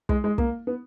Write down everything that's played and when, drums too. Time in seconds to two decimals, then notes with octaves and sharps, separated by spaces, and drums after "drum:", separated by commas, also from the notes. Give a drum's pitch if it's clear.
0.09 G#3, drum: kick
0.24 G#3
0.38 A#3, drum: kick
0.67 B3